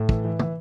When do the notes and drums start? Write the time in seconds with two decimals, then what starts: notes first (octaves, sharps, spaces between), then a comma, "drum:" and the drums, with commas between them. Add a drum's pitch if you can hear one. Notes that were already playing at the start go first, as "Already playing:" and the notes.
Already playing: A2
0.09 E3, drum: kick
0.25 E3
0.39 E3, drum: tom